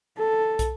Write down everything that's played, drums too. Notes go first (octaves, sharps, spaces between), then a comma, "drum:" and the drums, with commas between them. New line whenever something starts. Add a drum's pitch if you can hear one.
A4
drum: kick, hi-hat